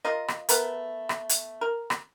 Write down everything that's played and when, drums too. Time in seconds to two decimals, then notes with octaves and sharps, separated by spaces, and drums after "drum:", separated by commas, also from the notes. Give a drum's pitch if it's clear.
0.05 F4 A#4 D#5
0.28 drum: rim click
0.49 A3 B3 A#4 B4, drum: hi-hat
1.09 drum: rim click
1.29 drum: hi-hat
1.61 A#4
1.90 drum: rim click